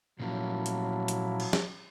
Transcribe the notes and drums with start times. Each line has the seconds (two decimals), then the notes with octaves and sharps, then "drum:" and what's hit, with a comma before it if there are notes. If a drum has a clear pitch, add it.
0.20 A#2 F3 F#3 A#3 C#4 E4 A5
0.66 drum: hi-hat
1.08 drum: hi-hat
1.40 drum: cymbal
1.53 drum: snare